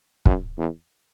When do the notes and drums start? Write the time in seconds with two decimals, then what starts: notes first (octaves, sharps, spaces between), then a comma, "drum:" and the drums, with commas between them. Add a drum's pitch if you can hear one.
0.26 F#2, drum: kick
0.58 E2